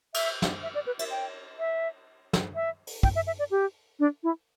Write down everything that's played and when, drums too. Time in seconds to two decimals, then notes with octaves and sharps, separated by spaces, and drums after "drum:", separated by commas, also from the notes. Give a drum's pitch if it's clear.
0.14 E5, drum: cymbal
0.42 drum: snare
0.63 E5
0.75 D5
0.87 B4
0.99 E5, drum: cymbal
1.11 G5
1.59 E5
2.33 drum: snare
2.55 E5
2.87 drum: open hi-hat
3.03 G5, drum: kick
3.16 E5
3.27 E5
3.39 D5
3.51 G4
4.00 D4
4.24 E4